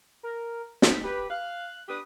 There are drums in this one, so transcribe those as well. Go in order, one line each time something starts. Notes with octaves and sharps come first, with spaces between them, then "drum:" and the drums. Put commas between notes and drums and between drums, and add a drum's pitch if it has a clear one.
A#4
D#4 C5 B6, drum: snare
G4 B4
F5 F#6
D4 G4 B4 D#6